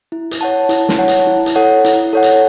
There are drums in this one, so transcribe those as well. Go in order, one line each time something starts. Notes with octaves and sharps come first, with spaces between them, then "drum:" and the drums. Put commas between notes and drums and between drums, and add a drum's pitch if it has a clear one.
E4
drum: hi-hat
C#5 F#5 A5
E4, drum: hi-hat
drum: snare
C#5 F#5 A5
drum: hi-hat
E4
drum: hi-hat
A4 C#5 F#5
E4, drum: hi-hat
A4 C#5 F#5
drum: hi-hat